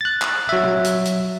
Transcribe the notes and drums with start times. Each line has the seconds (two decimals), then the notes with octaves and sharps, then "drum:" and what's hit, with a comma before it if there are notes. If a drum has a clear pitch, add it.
0.01 F#6 A6
0.22 drum: clap
0.49 F#3 E5
0.64 drum: tom
0.84 drum: hi-hat
1.05 drum: hi-hat